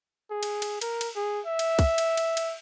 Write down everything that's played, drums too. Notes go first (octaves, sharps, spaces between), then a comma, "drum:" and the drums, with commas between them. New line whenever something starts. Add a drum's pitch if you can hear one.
G#4
drum: cymbal
drum: cymbal
A#4, drum: cymbal
drum: cymbal
G#4
E5
drum: cymbal
drum: kick, cymbal
drum: cymbal
drum: cymbal
drum: cymbal